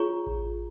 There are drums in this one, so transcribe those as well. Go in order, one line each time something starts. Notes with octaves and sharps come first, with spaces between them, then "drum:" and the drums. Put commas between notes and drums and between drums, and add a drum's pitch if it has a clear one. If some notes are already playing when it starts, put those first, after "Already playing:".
Already playing: F4 G#4 C#5 A#5 C#6
drum: kick A1